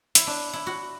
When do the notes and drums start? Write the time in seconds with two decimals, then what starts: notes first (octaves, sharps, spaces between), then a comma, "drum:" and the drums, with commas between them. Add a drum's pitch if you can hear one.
0.15 E4, drum: hi-hat
0.27 D4
0.53 E4
0.67 F#4